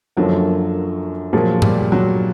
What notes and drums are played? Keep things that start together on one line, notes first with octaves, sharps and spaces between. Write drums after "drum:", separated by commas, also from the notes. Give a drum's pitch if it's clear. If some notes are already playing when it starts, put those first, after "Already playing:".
F#2 D3 F3 F#3 A#3
A#2 F3 F#3 G#3
G3, drum: tom G2
F#3